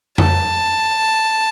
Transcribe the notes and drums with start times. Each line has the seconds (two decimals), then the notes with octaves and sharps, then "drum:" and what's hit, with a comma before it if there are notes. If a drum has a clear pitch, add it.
0.18 A5, drum: tom F2